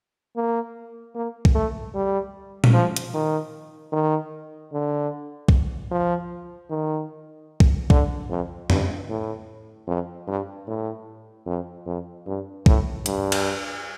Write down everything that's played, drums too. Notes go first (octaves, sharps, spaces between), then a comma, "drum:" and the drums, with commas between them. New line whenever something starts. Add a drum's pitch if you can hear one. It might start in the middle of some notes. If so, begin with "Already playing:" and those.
A#3
A#3
drum: kick
A3
G3
drum: tom A#2
F3
drum: hi-hat
D#3
D#3
D3
drum: kick
F3
D#3
drum: kick
D3, drum: kick
F2
G2, drum: tom
A2
F2
G2
A2
F2
F2
G2
A2, drum: kick
G2, drum: hi-hat
drum: cymbal